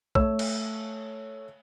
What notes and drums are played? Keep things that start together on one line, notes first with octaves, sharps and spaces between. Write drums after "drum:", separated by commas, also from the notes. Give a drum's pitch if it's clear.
A3 C#5 E6, drum: kick
drum: cymbal